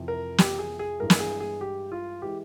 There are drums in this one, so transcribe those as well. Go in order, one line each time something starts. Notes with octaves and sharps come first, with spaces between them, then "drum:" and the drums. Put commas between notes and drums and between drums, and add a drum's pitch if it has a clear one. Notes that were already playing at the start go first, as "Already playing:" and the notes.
Already playing: F2 C3 E3
A#4
G4, drum: snare
G#4
G#4
G2 E3 G#3 A#4
drum: snare
G#4
G#4
G4
F4
E3 G#3 G4